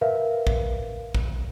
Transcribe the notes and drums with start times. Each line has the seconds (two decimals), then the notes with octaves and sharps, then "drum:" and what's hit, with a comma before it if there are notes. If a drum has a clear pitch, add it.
0.01 A#4 B4 E5 F5
0.47 drum: kick
1.15 drum: kick